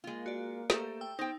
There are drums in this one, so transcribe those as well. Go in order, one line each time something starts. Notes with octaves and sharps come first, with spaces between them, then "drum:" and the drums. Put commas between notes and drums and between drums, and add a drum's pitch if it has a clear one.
G#3 A#3 F4
F#4 D5
A3 G4 A4 C5 A#5, drum: snare
G5 E6
B3 D#4 C5 G5